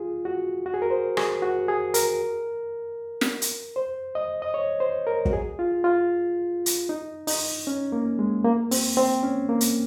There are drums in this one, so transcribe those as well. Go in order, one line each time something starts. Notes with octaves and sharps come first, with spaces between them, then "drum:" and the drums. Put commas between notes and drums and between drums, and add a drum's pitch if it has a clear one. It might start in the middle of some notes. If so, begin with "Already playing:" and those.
Already playing: F4 G#4
F#4
F#4
G#4
A#4
C5
G#4, drum: rim click
F#4
G#4
A#4, drum: hi-hat
drum: snare
drum: hi-hat
C5
D#5
D#5
C#5
C5
A#4
F#4, drum: kick
G#4
F4
F4
drum: hi-hat
D#4
D#4, drum: open hi-hat
C#4
A#3
G#3
A#3
C4, drum: open hi-hat
C4
C#4
A#3
drum: hi-hat